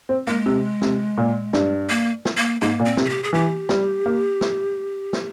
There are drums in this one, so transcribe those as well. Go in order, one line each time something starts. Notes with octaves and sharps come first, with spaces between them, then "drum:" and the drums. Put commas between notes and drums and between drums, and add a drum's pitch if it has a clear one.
C4
G#3 A#3
C3
C3, drum: snare
A#2
G2, drum: snare
A#3
drum: snare
A#3
G#2 A#3
A#2
C4
C3, drum: snare
G#4
G4
G#4
E3 G4
G3, drum: snare
A#3
drum: snare
drum: snare